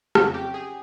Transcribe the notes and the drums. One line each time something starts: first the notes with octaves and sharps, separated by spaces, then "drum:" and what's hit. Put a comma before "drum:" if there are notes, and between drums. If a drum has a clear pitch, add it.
F2 C#3 F#3 F#4, drum: rim click
G4
G#4